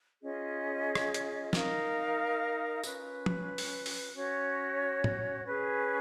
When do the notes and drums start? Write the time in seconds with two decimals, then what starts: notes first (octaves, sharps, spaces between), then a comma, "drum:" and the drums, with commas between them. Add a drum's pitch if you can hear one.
0.21 C#4 F4 G#4 D#5
0.95 drum: rim click
1.14 drum: hi-hat
1.53 D#4 A#4 F5, drum: snare
2.83 C#4 F4 B4, drum: tambourine
3.26 drum: tom
3.58 drum: open hi-hat
3.86 drum: open hi-hat
4.13 C#4 F#4 C#5
5.04 drum: tom
5.44 C#4 G#4 B4